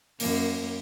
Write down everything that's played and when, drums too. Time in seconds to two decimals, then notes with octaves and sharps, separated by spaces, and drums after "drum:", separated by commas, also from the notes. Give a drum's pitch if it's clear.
0.20 F#2 A#3, drum: open hi-hat